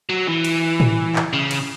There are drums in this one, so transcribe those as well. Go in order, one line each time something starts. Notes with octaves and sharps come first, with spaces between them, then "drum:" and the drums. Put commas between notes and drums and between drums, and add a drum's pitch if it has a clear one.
F#3
E3
drum: cymbal
drum: tom A2
drum: clap
C#3
drum: cymbal